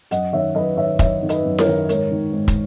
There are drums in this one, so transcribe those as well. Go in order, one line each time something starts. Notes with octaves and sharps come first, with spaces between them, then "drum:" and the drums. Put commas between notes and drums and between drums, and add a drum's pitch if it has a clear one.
F#2 D#5 F#5, drum: hi-hat
D#3 C#5 E5
F#2 B4 D#5
D#3 C#5 E5
F#2 C#5 E5, drum: kick, hi-hat
D#3
B4 D#5, drum: hi-hat
F#2
A#4 C#5, drum: snare E4
D#3
G#2 A#4 C#5, drum: hi-hat
D#3
G#2
drum: kick, hi-hat